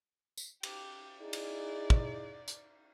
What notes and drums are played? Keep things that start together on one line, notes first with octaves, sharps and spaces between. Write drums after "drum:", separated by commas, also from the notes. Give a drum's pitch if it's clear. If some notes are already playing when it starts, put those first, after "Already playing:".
drum: tambourine
G4, drum: cymbal
D#4 E4 G#4 D5
drum: cymbal
drum: kick
drum: hi-hat